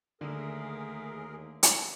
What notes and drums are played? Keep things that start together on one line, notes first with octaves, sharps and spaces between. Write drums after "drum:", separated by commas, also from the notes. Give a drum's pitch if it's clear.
D#2 D3 A3 G#4 A#4
drum: hi-hat